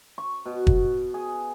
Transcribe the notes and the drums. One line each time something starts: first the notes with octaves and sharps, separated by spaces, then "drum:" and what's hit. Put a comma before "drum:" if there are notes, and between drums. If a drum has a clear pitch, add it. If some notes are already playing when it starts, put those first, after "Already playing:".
C#6
B2
drum: kick
G#4